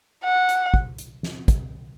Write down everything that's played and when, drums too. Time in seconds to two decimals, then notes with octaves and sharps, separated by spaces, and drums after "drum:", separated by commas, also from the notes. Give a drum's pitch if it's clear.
0.24 F#5
0.49 drum: hi-hat
0.74 drum: kick
0.98 drum: hi-hat
1.23 drum: snare
1.48 drum: kick, hi-hat